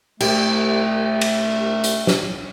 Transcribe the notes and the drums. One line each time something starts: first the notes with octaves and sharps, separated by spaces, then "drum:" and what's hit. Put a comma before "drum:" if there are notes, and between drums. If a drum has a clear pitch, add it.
C2 A3 G4, drum: cymbal
drum: cymbal
drum: hi-hat
drum: snare